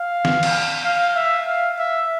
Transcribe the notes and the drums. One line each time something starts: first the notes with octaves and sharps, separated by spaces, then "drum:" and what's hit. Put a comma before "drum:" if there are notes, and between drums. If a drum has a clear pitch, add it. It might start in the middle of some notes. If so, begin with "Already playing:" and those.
Already playing: F5
drum: snare
drum: cymbal
F5
E5
F5
E5